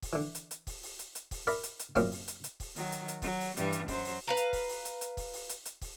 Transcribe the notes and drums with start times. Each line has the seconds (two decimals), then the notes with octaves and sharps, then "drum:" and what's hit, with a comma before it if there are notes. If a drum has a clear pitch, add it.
0.02 drum: kick, open hi-hat
0.13 D3 E3
0.35 drum: hi-hat
0.51 drum: hi-hat
0.67 drum: kick, open hi-hat
0.83 drum: open hi-hat
0.99 drum: hi-hat
1.15 drum: hi-hat
1.31 drum: kick, open hi-hat
1.47 A#4 D5 E5 B5, drum: open hi-hat
1.63 drum: hi-hat
1.79 drum: hi-hat
1.95 F#2 A#2 C#3 C4 F5, drum: kick, open hi-hat
2.12 drum: open hi-hat
2.28 drum: hi-hat
2.44 drum: hi-hat
2.60 drum: kick, open hi-hat
2.76 D#3 F#3, drum: open hi-hat
2.92 drum: hi-hat
3.08 drum: hi-hat
3.22 F#3, drum: kick, open hi-hat
3.40 drum: open hi-hat
3.57 G2 E3 G3, drum: hi-hat
3.72 drum: hi-hat
3.88 F#2 F#3 C5, drum: kick, open hi-hat
4.05 drum: open hi-hat
4.27 B4 F5 A#5
4.37 drum: hi-hat
4.53 drum: kick, open hi-hat
4.69 drum: open hi-hat
4.85 drum: hi-hat
5.01 drum: hi-hat
5.17 drum: kick, open hi-hat
5.33 drum: open hi-hat
5.49 drum: hi-hat
5.65 drum: hi-hat
5.81 drum: kick, open hi-hat